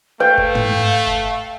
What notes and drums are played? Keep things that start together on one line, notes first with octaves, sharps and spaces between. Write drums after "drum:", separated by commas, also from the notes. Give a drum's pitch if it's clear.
A3 B4 F5 G5
drum: kick F#1
drum: tom
drum: kick F#1